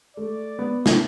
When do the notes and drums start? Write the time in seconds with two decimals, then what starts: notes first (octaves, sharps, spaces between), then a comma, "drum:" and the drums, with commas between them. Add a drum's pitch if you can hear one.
0.17 A3 D5
0.59 B3
0.86 drum: snare